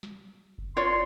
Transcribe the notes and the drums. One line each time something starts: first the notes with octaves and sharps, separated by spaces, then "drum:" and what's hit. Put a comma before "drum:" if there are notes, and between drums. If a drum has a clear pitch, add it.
drum: snare
drum: kick F#1
F4 C#5 D5 C6